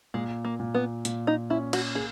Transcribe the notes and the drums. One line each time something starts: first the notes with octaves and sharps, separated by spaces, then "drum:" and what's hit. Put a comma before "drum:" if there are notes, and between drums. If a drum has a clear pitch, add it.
A#2 G#3
A#3
A#2
B3
A#2, drum: hi-hat
D#4
C#4 E4
F#4, drum: cymbal
A#3 G#4